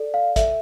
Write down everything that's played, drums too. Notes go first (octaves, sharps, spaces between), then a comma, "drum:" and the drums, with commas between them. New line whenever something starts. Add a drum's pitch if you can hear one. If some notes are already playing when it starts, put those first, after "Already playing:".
Already playing: A4 D5
F5
A4 E5, drum: kick, hi-hat